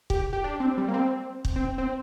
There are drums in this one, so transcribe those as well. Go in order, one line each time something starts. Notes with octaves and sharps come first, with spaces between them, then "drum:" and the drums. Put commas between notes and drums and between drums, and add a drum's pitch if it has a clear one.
G4, drum: kick
G4
D4
C4
G3
A#3
C4
drum: kick
C4
C4